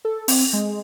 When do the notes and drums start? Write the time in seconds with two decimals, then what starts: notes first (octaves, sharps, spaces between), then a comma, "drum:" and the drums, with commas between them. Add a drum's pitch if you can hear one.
0.05 A4
0.28 C4, drum: open hi-hat
0.53 G#3